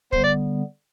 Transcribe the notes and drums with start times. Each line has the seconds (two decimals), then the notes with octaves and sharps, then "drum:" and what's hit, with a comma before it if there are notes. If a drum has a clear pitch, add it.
0.13 D3 G3 B3 C5, drum: kick
0.24 D5